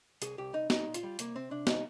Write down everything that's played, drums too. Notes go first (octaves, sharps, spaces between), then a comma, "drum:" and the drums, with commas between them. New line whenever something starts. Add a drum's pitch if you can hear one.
C2 G#4, drum: hi-hat
C2 G4
C2 D#4
C2 D#4, drum: snare
A#2
F4, drum: hi-hat
G3
C2 A#3, drum: hi-hat
C3 C4
C3 D4
D#3 D#4, drum: snare